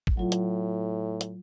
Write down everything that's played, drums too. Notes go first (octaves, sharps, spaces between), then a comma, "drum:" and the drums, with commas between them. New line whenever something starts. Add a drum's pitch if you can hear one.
drum: kick
A2 F#3 F4
drum: hi-hat
drum: hi-hat